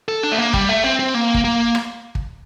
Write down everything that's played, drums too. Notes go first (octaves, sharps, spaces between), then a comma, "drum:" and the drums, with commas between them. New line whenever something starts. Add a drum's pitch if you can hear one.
A4
D4
A3
A#3
G3, drum: kick
A3
C4
C4
A#3
drum: kick
A#3
drum: rim click
drum: kick